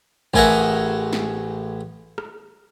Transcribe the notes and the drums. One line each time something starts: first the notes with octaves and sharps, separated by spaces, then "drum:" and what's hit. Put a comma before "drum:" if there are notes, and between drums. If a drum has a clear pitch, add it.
A1 A3 G#4 A#4 E5 F#5, drum: kick
drum: snare
drum: rim click